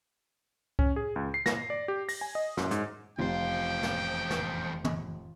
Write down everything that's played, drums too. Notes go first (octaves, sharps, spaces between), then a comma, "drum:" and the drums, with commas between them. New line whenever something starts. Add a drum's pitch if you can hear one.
C#4, drum: kick C2
G#4
C#2
C7
A#6, drum: snare
D5
G4
A#6, drum: open hi-hat
G#5
D#5
F#2, drum: snare
G#2, drum: hi-hat
F1 E2 F4 C5 G5
drum: snare
drum: snare
drum: tom